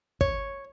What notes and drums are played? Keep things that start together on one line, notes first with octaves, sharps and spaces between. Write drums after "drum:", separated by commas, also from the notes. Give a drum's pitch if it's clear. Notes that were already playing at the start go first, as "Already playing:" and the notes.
C#5, drum: kick